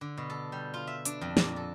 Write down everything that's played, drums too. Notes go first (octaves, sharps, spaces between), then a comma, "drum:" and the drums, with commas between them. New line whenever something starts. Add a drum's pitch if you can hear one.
D3
B2
A4
G3
F4
E5
D4, drum: hi-hat
F2
A#2, drum: snare
A4